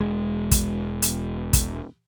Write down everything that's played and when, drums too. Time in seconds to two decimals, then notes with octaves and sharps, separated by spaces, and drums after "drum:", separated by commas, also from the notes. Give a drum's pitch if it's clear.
0.01 E1 G#3
0.51 drum: kick, hi-hat
1.02 drum: hi-hat
1.53 drum: kick, hi-hat